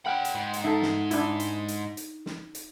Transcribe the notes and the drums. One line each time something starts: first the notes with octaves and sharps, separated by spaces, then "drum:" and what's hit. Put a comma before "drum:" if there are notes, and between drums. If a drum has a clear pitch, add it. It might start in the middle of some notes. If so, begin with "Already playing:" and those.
F4 F#5 G5 B5 F6
drum: hi-hat
G#2
drum: hi-hat
D#4 A4 E5
drum: snare
D4 E4, drum: hi-hat
drum: hi-hat
drum: hi-hat
drum: hi-hat
drum: snare
drum: hi-hat